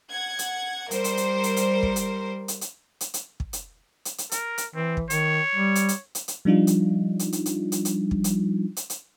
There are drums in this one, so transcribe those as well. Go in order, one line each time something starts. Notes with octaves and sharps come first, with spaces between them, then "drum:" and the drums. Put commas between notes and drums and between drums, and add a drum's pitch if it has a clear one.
F#5 G#6
drum: hi-hat
G3 A#4 C5, drum: hi-hat
drum: hi-hat
drum: hi-hat
drum: hi-hat
drum: hi-hat
drum: kick
drum: hi-hat
drum: hi-hat
drum: hi-hat
drum: hi-hat
drum: hi-hat
drum: kick
drum: hi-hat
drum: hi-hat
drum: hi-hat
A#4, drum: hi-hat
drum: hi-hat
E3 C4
drum: kick
D#3 C#5, drum: hi-hat
G3
drum: hi-hat
drum: hi-hat
drum: hi-hat
drum: hi-hat
F3 G3 D4 D#4 F4
drum: hi-hat
drum: hi-hat
drum: hi-hat
drum: hi-hat
drum: hi-hat
drum: hi-hat
drum: kick
drum: hi-hat
drum: hi-hat
drum: hi-hat